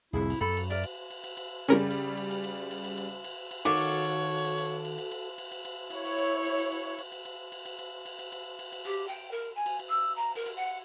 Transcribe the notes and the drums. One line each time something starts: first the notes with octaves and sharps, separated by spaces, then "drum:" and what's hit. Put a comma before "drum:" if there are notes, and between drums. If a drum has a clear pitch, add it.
C2 F2 A2 E4 G#4
drum: cymbal
F#2 A4 B5
drum: cymbal
A#4 D5 E5, drum: cymbal
drum: cymbal
drum: cymbal
drum: cymbal
drum: cymbal
C#3 G3 C#4 A#4
drum: cymbal
drum: cymbal
drum: cymbal
drum: cymbal
drum: cymbal
drum: cymbal
drum: cymbal
drum: cymbal
drum: cymbal
D#3 F#4 A4 C#5 F5 D6
drum: cymbal
drum: cymbal
drum: cymbal
drum: cymbal
drum: cymbal
drum: cymbal
drum: cymbal
drum: cymbal
drum: cymbal
drum: cymbal
drum: cymbal
drum: cymbal
E4 C#5, drum: cymbal
drum: cymbal
drum: cymbal
drum: cymbal
drum: cymbal
drum: cymbal
drum: cymbal
drum: cymbal
drum: cymbal
drum: cymbal
drum: cymbal
drum: cymbal
drum: cymbal
drum: cymbal
drum: cymbal
drum: cymbal
drum: cymbal
G4, drum: cymbal
G5
A#4
G#5
drum: cymbal
drum: cymbal
E6
A#5
A#4, drum: cymbal
drum: cymbal
F#5